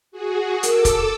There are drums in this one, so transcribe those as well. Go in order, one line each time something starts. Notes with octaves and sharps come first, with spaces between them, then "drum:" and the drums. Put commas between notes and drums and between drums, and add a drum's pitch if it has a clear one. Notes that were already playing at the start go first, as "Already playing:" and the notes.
F#4 G#4
A4 A#4 D6 E6, drum: hi-hat
drum: kick F1, hi-hat